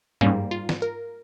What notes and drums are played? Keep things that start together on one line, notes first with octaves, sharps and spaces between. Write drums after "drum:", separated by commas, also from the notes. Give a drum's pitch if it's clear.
G#2 G3 A#3 C#4, drum: tom G2
F4
drum: snare
A#4